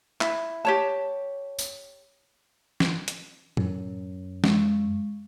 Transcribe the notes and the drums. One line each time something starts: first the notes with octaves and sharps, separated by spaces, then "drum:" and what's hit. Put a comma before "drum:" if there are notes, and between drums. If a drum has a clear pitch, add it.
E4, drum: clap
G4 C#5 A5
drum: tambourine
drum: snare
drum: hi-hat
F#2, drum: tom A2
G#3, drum: snare